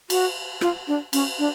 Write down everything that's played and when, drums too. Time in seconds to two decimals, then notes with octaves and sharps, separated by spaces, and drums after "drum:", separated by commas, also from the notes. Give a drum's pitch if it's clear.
0.10 F#4, drum: cymbal
0.61 F4, drum: rim click
0.88 D4
1.13 C#4, drum: cymbal
1.39 D4